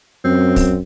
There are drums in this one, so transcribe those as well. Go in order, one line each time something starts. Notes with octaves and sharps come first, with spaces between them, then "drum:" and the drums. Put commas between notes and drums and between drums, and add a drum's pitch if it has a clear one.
F#2 C4
drum: kick, open hi-hat